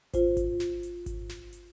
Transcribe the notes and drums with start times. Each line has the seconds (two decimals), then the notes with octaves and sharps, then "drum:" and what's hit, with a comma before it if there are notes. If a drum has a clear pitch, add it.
0.14 F4 C5, drum: kick G#1, hi-hat
0.37 drum: kick G#1, hi-hat
0.60 drum: snare
0.83 drum: hi-hat
1.06 drum: kick G#1, hi-hat
1.29 drum: snare
1.53 drum: hi-hat